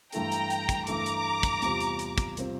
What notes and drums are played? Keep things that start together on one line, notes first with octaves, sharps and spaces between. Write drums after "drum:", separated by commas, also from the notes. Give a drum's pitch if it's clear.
G2 E3 A3 E4 A4 G5 A#5, drum: hi-hat
drum: hi-hat
drum: hi-hat
drum: kick, hi-hat
G2 E3 A3 E4 A4 A#5 D6, drum: hi-hat
drum: hi-hat
drum: kick, hi-hat
E2 C3 G3 C4 F4, drum: hi-hat
drum: hi-hat
drum: hi-hat
drum: kick, hi-hat
C3 G3 C4 F4, drum: hi-hat